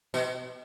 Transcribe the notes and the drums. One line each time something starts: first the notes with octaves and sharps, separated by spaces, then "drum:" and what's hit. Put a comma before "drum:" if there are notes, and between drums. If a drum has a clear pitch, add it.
B2, drum: tambourine